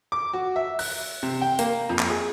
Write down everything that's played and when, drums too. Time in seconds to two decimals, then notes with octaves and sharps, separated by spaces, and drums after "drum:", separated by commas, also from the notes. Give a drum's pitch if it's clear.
0.12 D6
0.34 F#4
0.56 E5
0.79 F#6, drum: open hi-hat
1.23 C3
1.41 G5
1.59 A#3, drum: hi-hat
1.89 F2
1.99 drum: clap
2.09 G#4